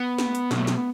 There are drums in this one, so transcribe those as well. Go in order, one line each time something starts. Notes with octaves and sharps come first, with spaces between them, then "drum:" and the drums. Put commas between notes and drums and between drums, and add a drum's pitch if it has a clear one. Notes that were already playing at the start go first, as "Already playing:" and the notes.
Already playing: B3
drum: snare
drum: hi-hat
B2 F#3 A3, drum: snare
drum: snare